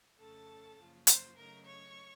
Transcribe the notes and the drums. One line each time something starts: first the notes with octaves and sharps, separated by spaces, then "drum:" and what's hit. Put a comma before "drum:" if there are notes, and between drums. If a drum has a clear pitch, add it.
F2 C#3 A3 C#4 A4 A5
F#2 C#3 F3 A#3 F4
C5 C6, drum: hi-hat
C#3 F#3 A3 D#4 A#4 A#5
C#5 C#6